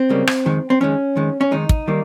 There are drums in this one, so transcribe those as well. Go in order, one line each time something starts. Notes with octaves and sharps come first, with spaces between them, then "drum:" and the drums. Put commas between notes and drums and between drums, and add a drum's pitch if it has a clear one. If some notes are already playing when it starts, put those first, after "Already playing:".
Already playing: C4
C#2 C#3 G3 A#3
drum: rim click
F2 D#3 G#3
C4
F2 D#3 G#3 C#4
F2 D#3 G#3
C#4
F2 D#3 G#3 D#4
drum: kick
D#3 G3 A#3